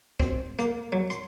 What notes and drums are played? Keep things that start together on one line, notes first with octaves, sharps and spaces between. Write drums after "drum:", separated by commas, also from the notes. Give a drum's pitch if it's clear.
C4, drum: kick
A#3, drum: hi-hat
F#3
C6, drum: hi-hat